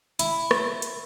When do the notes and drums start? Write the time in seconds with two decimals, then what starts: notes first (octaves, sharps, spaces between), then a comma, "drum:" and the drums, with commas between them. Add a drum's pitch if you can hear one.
0.19 E4, drum: hi-hat
0.51 drum: rim click
0.82 drum: hi-hat